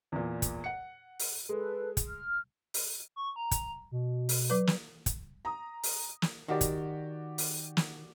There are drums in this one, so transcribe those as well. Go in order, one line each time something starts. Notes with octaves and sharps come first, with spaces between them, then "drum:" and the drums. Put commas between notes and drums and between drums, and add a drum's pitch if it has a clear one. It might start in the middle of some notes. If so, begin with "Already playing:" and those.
E2 A#2
drum: kick, hi-hat
F#5 C#7
drum: open hi-hat
G#3 A4 B4
drum: kick, hi-hat
F6
drum: open hi-hat
C#6
A#5
drum: kick, hi-hat
B2
drum: open hi-hat
F#3 B4
drum: snare
drum: kick, hi-hat
A#5 D#6
drum: open hi-hat
drum: snare
D#3 F#4 G4 D5
drum: kick, hi-hat
drum: open hi-hat
drum: snare